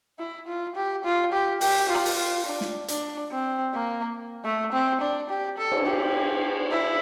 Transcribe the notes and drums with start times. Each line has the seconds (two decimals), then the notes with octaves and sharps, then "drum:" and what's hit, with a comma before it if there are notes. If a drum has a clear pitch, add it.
0.19 E4
0.47 F4
0.76 G4
1.04 F4
1.33 G4
1.61 G4, drum: open hi-hat
1.89 F4
2.05 drum: open hi-hat
2.17 F4
2.46 D4
2.61 drum: snare
2.88 D4, drum: hi-hat
3.31 C4
3.73 A#3
4.45 A3
4.72 C4
5.01 D4
5.29 G4
5.58 A4
5.72 drum: cymbal
5.86 G4
6.71 E4